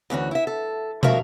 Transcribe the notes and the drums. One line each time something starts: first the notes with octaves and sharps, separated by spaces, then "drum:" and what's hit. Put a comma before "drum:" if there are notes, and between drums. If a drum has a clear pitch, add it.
D2 E3 C#4 F#4
E4 E5
A4
D#2 F3 F#4 A#4 E5 F5, drum: tom